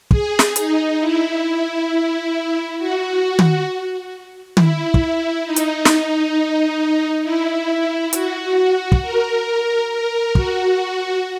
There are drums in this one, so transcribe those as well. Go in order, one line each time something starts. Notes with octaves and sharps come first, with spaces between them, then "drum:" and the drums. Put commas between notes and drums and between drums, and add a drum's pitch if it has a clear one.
G#4, drum: kick
drum: snare
D#4, drum: hi-hat
E4
F#4
drum: tom
E4, drum: tom
drum: kick
D#4
drum: hi-hat
drum: snare
E4
F#4, drum: hi-hat
drum: kick
A#4
A#4
F#4, drum: kick